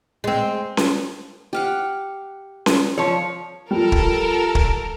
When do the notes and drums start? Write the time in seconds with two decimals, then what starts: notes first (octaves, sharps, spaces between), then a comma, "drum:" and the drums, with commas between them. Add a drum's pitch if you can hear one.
0.24 G#3 C4
0.77 drum: snare C#4
1.53 G4 F5 F#5
2.66 drum: snare C#4
2.98 F3 C#5
3.71 F3 G3 A4 A#4
3.92 drum: kick
4.55 drum: kick